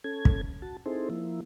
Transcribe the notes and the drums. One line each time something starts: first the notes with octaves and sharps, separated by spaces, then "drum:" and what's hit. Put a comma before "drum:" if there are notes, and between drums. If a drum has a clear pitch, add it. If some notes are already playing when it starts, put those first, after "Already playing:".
C#4 A4 G#6
drum: kick
F#4 A5
C4 D#4 E4 G#4 A4 C5
F3 A#3 E4